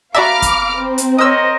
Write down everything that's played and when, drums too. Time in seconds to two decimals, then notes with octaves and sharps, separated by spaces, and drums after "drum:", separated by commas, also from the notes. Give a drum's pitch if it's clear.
0.15 F#4 D5 E5 F5 A#5 B5 D6 F6
0.42 drum: kick, hi-hat
0.76 C4
0.98 drum: hi-hat
1.18 A#4 C5 C#5 D#5 D#6 E6